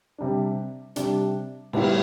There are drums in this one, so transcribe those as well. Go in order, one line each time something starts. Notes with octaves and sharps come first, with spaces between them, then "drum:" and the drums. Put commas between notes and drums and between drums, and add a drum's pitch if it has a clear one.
C3 G3 D4
C3 G3 D4, drum: hi-hat
A2 G3 B3 E4, drum: cymbal